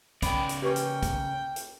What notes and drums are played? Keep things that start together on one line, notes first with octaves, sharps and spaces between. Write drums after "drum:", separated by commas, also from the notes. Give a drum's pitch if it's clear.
C#3 B3 D5 G5, drum: kick, hi-hat
drum: hi-hat
A#3 C#4 G4 B4 G5 C#6
drum: hi-hat
drum: kick, hi-hat
drum: hi-hat